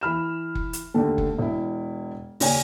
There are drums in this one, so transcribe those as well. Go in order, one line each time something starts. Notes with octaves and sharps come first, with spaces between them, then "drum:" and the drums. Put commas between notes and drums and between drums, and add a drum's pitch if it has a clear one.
E3 B5 F6 E7
drum: kick F#1
drum: hi-hat
D#2 D3 A3
drum: kick F#1
E1 E4
D#2 C#3 C#5 D5 G#5, drum: open hi-hat